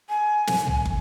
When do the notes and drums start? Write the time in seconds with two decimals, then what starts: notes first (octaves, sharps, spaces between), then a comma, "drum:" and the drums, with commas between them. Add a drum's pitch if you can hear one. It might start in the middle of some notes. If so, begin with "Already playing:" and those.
0.09 G#5
0.47 drum: snare
0.66 drum: tom
0.85 drum: kick